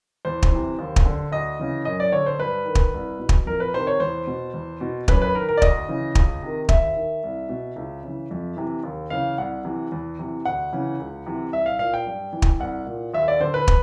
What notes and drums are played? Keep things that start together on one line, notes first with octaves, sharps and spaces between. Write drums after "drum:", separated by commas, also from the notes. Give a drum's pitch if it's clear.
E2 C5
drum: kick
C3 E3
D#2
drum: kick
D3
D2 D#5
C#3 E3
F#2 D#5
D5
D3 C#5
C5
G2 B4
D#3
drum: kick
C2
B2
drum: kick
F2 A#4
B4
C3 D#3 C5
C#5
E2 C5
B2
E2
B2
F#2 B4, drum: kick
B4
D#3 A#4
A#4
D5
D2 D#5, drum: kick
C#3 E3
C#2, drum: kick
C3 D#3
D#2 E5, drum: kick
D#3
C2
B2
C#2
C#3 E3
F2
C3 E3
D#2
C#3 E3 F5
C2 F#5
C3 E3
E2
C3 E3
D2 F#5
C#3 E3
C#2
C3 E3
C2 E5
F5
A#2 F5
G5
G2
E3
drum: kick
C2 F#5
A#2
D#2 E5
D5
D3 C5
B4
drum: kick